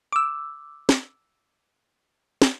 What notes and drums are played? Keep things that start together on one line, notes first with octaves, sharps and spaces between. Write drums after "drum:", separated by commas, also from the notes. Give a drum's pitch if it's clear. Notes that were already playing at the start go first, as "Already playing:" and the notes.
D6 E6
drum: snare
drum: snare